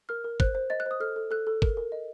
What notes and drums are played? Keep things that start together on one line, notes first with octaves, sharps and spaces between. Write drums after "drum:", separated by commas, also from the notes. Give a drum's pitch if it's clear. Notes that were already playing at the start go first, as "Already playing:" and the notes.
A#4 F6
A#4
C5 F#6, drum: kick
C5
D#5 A6
F#6
C5 D#6
A4 F6
A4
A4 F#6
A4
A#4, drum: kick
A#4
D#5